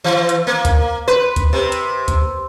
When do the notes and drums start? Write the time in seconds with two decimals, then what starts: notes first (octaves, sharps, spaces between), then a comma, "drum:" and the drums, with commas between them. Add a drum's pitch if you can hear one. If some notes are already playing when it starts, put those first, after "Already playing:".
0.04 E3
0.29 drum: hi-hat
0.47 A#3
0.65 drum: kick D2, hi-hat
1.08 B4
1.36 drum: kick D2, hi-hat
1.53 C3
1.72 drum: hi-hat
2.08 drum: kick D2, hi-hat